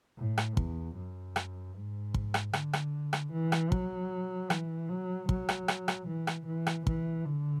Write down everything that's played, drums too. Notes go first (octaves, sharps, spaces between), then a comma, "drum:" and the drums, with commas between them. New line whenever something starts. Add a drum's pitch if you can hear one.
A2
drum: rim click
E2, drum: kick
F#2
drum: rim click
G#2
drum: kick
drum: rim click
D3, drum: rim click
drum: rim click
drum: rim click
E3
drum: rim click
F#3, drum: kick
E3, drum: rim click
F#3
F#3, drum: kick
drum: rim click
drum: rim click
drum: rim click
E3
drum: rim click
E3
drum: rim click
E3, drum: kick
D3